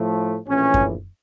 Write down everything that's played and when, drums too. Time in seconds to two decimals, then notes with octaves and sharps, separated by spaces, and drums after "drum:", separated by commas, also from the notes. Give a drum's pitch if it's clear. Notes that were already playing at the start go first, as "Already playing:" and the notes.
Already playing: A2 F3 A3
0.48 A#1 A2 E3 C#4
0.74 drum: kick F#2